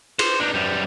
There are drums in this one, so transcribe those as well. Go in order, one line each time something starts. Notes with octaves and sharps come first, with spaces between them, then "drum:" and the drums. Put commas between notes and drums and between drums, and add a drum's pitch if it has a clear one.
C5, drum: cymbal
D4 D#4
F#2 G3